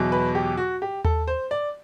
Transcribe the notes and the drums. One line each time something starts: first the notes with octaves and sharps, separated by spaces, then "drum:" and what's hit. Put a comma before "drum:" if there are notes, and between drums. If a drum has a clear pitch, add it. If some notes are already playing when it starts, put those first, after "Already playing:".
Already playing: E2 B2 F#3
B4
G4
F#4
G4
A4, drum: tom D#2
C5
D5